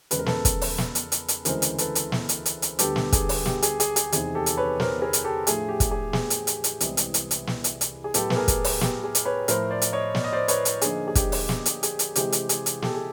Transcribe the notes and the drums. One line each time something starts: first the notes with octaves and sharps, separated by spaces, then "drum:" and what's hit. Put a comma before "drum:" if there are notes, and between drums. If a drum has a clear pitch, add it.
E2 C#3 F3 G#3 B4, drum: hi-hat
A#4
A4 B4, drum: snare
drum: kick, hi-hat
drum: open hi-hat
drum: snare
drum: hi-hat
drum: hi-hat
drum: hi-hat
D2 C#3 E3 G#3 C4 A#4 C5, drum: hi-hat
drum: hi-hat
A4 B4, drum: hi-hat
drum: hi-hat
drum: snare
drum: hi-hat
drum: hi-hat
drum: hi-hat
D2 D3 G3 B3 G4 A4, drum: hi-hat
drum: snare
G#4, drum: kick, hi-hat
drum: open hi-hat
G4, drum: snare
G#4, drum: hi-hat
G#4, drum: hi-hat
G#4, drum: hi-hat
E2 C3 D#3 G#4, drum: hi-hat
G4 A4
drum: hi-hat
B4 C#5
A#4 C5, drum: snare
G#4 A#4
drum: hi-hat
G4 A4
A2 F3 A3 D4 F4 G#4, drum: hi-hat
G4
drum: kick, hi-hat
G#4
G#4, drum: snare
drum: hi-hat
drum: hi-hat
drum: hi-hat
C2 C3 E3 G#3 B3, drum: hi-hat
drum: hi-hat
drum: hi-hat
drum: hi-hat
drum: snare
drum: hi-hat
drum: hi-hat
G#4
A2 F#3 B3 G4 A4, drum: hi-hat
B4, drum: snare
G#4 A#4
drum: kick, hi-hat
drum: open hi-hat
G4, drum: snare
G#4
drum: hi-hat
B4 C#5
A2 F3 A3 A#4 C5, drum: hi-hat
C5 D5
drum: hi-hat
C#5 D#5
D5, drum: snare
D#5
C5 D5
B4 C#5, drum: hi-hat
drum: hi-hat
D3 F3 A#3 D#4 G#4, drum: hi-hat
G#4
G4, drum: kick, hi-hat
drum: open hi-hat
drum: snare
drum: hi-hat
G#4, drum: hi-hat
drum: hi-hat
C3 E3 G#3 G4, drum: hi-hat
drum: hi-hat
G#4, drum: hi-hat
drum: hi-hat
G4 A4, drum: snare
G#4